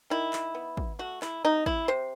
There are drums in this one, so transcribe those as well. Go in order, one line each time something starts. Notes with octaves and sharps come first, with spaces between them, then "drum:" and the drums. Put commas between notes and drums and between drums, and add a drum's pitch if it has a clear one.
D#3 E4
drum: clap
B3
drum: kick
A3 F#4
E4, drum: clap
C3 D#4
E4, drum: kick
C3 C5